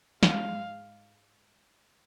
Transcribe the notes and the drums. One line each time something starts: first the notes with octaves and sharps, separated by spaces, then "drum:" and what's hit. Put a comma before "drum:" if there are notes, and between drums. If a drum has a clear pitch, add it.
G#2 G#3 F5, drum: snare